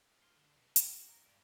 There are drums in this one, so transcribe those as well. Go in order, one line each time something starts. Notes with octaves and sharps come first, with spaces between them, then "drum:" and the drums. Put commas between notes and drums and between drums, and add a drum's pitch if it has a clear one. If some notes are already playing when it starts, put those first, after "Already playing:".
F4
D3
B2
G5, drum: hi-hat
F#4
A#4
G2